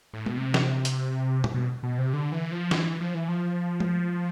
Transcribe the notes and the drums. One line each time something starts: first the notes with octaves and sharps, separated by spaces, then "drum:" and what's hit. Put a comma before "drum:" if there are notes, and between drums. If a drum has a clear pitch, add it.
A2
B2, drum: tom
C3
drum: snare
drum: hi-hat
drum: tom
B2
B2
C3
D3
E3
F3
E3, drum: snare
F3
E3
F3
drum: tom